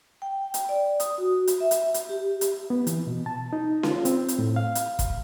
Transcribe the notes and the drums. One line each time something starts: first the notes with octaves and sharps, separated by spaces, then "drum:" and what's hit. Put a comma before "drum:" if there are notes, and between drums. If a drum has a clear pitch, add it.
G5
drum: hi-hat
D5
D#6, drum: hi-hat
F#4
drum: hi-hat
E5
drum: hi-hat
drum: hi-hat
G4
drum: hi-hat
B3
E3, drum: hi-hat
B2
A5
D#4
F4, drum: snare C#4
C4, drum: hi-hat
drum: hi-hat
A2
F5
drum: hi-hat
drum: kick, hi-hat